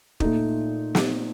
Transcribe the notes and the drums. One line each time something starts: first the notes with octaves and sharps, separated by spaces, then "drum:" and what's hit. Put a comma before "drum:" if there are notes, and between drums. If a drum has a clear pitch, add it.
A#2 A3 D#4, drum: kick
drum: snare